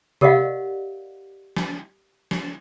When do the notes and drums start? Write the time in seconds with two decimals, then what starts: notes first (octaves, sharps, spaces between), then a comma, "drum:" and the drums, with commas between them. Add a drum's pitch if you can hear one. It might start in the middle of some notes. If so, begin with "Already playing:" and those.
0.21 G4 A#4 D5 D#5 F5 F#5, drum: tom C3
1.56 drum: snare
2.31 drum: snare